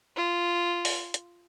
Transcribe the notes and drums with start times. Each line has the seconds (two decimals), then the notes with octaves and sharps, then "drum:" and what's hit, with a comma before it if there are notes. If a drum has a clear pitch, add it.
0.16 F4
0.85 drum: open hi-hat
1.14 drum: hi-hat